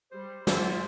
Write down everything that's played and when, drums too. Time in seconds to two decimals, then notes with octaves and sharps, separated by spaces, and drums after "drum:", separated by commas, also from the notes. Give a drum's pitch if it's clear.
0.12 G3 C5
0.47 G#1 F#2 G#3 F4 C5 E6, drum: snare